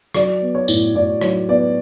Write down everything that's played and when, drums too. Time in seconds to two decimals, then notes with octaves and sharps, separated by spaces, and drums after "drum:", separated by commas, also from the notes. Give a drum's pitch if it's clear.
0.14 F#3 D5, drum: rim click
0.41 B3
0.55 C#5
0.68 A2, drum: tambourine
0.95 A2 D5
1.21 F#3 C#5, drum: rim click
1.49 B3 D5